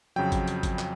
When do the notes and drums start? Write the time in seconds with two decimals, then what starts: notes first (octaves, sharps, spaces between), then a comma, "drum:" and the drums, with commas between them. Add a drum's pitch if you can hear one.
0.16 F2 C#3 F#3 G5
0.32 drum: kick G#1, hi-hat
0.48 drum: hi-hat
0.63 drum: kick G#1, hi-hat
0.79 drum: clap